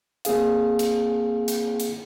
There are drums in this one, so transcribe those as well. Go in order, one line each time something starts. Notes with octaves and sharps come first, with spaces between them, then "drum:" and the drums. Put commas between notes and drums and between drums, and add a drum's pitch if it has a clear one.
A#3 C4 G#4 F5, drum: hi-hat
drum: hi-hat
drum: hi-hat
drum: hi-hat